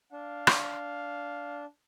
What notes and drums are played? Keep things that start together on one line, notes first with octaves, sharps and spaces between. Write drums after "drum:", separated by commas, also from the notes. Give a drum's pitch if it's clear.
D4 F5
drum: rim click